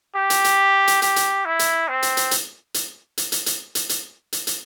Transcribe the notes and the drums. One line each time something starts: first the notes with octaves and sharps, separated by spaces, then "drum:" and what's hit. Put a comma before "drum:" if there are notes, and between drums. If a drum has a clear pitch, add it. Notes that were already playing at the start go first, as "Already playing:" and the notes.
G4
drum: hi-hat
drum: hi-hat
drum: hi-hat
G4, drum: hi-hat
drum: hi-hat
E4
drum: hi-hat
C4
drum: hi-hat
drum: hi-hat
drum: hi-hat
drum: hi-hat
drum: hi-hat
drum: hi-hat
drum: hi-hat
drum: hi-hat
drum: hi-hat
drum: hi-hat
drum: hi-hat